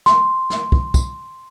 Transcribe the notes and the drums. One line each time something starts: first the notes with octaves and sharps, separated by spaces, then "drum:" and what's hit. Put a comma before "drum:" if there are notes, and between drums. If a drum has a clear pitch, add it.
C6, drum: snare
drum: snare
drum: kick
drum: kick, tambourine